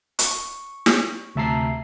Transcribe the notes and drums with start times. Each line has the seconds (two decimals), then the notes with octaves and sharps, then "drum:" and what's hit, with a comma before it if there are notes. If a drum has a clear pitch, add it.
0.19 C#6, drum: hi-hat
0.86 drum: snare
1.36 D2 C3 E5 A5 A#5 C7